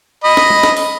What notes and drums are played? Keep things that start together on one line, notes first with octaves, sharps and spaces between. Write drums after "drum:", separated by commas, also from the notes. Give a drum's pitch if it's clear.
D#5 B5
drum: snare
drum: tom
drum: snare
drum: open hi-hat